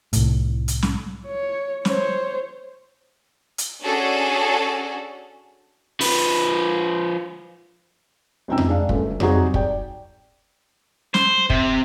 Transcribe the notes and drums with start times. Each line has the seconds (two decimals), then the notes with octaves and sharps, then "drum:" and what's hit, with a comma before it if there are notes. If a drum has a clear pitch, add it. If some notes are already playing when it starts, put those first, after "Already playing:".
0.13 C2 A2, drum: hi-hat
0.68 drum: hi-hat
0.82 drum: snare
1.26 C#5
1.85 C5 C#5, drum: snare
3.58 drum: hi-hat
3.82 C#4 D4 F#4 G#4 A4
6.01 F3 B4, drum: open hi-hat
8.48 C#2 F#2 C4 D#4 G5 E6
8.58 drum: tom F2
8.67 G#3 D4 F5
8.89 G1 F#2 A3, drum: kick
9.20 F#3 G3 C4 D#4 F#4 G#4, drum: tom F2
9.54 D5 G5, drum: kick
11.14 C5, drum: snare
11.50 C3, drum: kick